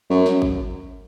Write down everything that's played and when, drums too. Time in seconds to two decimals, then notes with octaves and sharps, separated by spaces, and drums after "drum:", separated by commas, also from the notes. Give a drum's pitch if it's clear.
0.10 F#2
0.26 drum: snare
0.42 drum: kick G#1